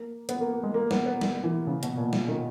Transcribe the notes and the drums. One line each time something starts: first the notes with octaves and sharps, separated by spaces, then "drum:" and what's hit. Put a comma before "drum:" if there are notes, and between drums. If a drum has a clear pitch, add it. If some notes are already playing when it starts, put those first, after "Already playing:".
Already playing: A#3
B3, drum: hi-hat
A#3
A#3
G#3
A#3
B3, drum: snare
B3
A#3, drum: snare
E3
C#3
B2, drum: hi-hat
A#2
B2, drum: snare
D#3